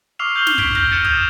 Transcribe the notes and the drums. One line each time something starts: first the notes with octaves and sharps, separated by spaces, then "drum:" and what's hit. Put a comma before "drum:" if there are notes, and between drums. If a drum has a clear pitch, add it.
C#6 D6 E6 F6 C7 F7
C#6 G6 C7 F#7 G7
drum: snare
C#6 G#6 B6 D7, drum: kick
F6 G6 A#6, drum: kick
F6 G6 A6 C#7 D#7 E7
D#6 G6 G#6 F7, drum: kick